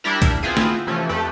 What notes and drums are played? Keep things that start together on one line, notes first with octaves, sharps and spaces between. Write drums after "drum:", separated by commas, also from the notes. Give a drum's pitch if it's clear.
G3 D4 E4 A#4
drum: kick, hi-hat
B3 C4 E4 F4 G#4
drum: snare
C3 E3 F3 A3 C#4
F2 A3 G4 B4